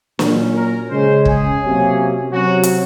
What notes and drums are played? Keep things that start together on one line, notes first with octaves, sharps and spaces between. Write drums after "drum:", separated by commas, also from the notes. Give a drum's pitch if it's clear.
A#2 F#3 C#4, drum: snare
A#4
C#3 G#3 C#4 C5
G#4, drum: kick
C3 F#3 A#3 C#4
C3 F#3 C#4 F#4
drum: hi-hat